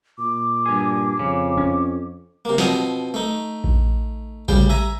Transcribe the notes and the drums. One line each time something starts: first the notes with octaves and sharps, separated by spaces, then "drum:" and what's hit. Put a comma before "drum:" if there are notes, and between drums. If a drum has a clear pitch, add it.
A#2 D6
G2 G#4
F2 C#3
C#4
C3 A#3
B2 F3 C4 D#6, drum: snare
A3 D#4
drum: kick A#1
D2 C#3 G3 G5, drum: kick A#1
E5 G#5 A#5